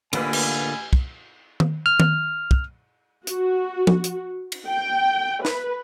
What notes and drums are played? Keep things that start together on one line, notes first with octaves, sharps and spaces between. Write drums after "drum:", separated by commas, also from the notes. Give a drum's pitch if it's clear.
A1 D3 A#3 F4 B4 G#5, drum: cymbal
drum: cymbal
drum: kick
drum: tom D#3
F6
drum: tom D#3
drum: kick
F#4, drum: hi-hat
drum: tom F3
drum: hi-hat
drum: cymbal
G5
B4, drum: snare